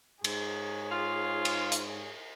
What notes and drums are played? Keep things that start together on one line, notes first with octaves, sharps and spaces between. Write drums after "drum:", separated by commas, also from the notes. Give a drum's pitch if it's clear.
G#2 G#4 C#5, drum: cymbal
F4
drum: cymbal
drum: hi-hat